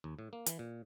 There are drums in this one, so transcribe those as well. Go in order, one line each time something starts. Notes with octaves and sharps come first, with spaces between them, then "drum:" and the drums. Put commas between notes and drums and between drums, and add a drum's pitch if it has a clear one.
D#2
A2
A#3
E3, drum: hi-hat
A#2